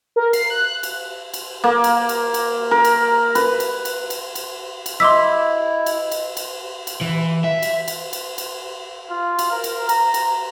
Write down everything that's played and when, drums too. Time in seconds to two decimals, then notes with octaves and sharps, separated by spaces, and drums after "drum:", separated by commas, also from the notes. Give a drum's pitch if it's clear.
0.16 A#4
0.33 C7, drum: cymbal
0.50 F#6
0.66 F#6
0.83 drum: cymbal
1.34 drum: cymbal
1.64 A#3
1.84 drum: cymbal
2.09 drum: cymbal
2.34 drum: cymbal
2.71 A#4
2.85 drum: cymbal
3.35 B4, drum: cymbal
3.60 drum: cymbal
3.85 drum: cymbal
4.10 drum: cymbal
4.35 drum: cymbal
4.86 drum: cymbal
5.00 E4 D#5 C6 D6 E6 B6
5.86 drum: cymbal
6.12 drum: cymbal
6.37 drum: cymbal
6.87 drum: cymbal
7.01 E3
7.44 E5
7.63 drum: cymbal
7.88 drum: cymbal
8.13 drum: cymbal
8.38 drum: cymbal
9.10 F4
9.39 drum: cymbal
9.51 A#4
9.64 drum: cymbal
9.89 A#5, drum: cymbal
10.14 drum: cymbal